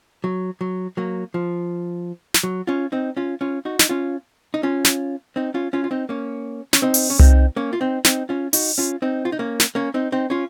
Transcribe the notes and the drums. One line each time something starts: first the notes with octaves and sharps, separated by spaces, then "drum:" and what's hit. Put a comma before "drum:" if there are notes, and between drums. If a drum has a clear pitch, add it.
F#3
F#3
F#3 A#3
F3
drum: snare
F#3
C#4 F4
C4 D#4
C#4 F4
C#4 F4
D#4 F#4
D#4, drum: snare
C#4 F4
D#4
C#4 F4
drum: snare
C4 D#4
C#4 F4
C#4 F4
F4
C4 D#4
A#3 C#4
C#4, drum: snare
C4 D#4
drum: open hi-hat
C#4
C4 D#4, drum: tom C2
A#3 C#4
F4
C4 D#4
C4 D#4, drum: snare
C#4 F4
D#4 F#4, drum: open hi-hat
C#4 F4
C4 D#4
F4
D#4
A#3 C#4
drum: snare
A#3 C#4
C4 D#4
C4 D#4
C#4 F4